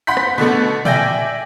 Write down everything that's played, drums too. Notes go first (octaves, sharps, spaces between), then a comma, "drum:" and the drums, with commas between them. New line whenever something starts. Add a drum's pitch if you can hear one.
F#5 B5 C6 G6 B6
drum: rim click
B2 D3 A3 B3
D5 E5 G5 G#5 G6 A#6, drum: tom A#2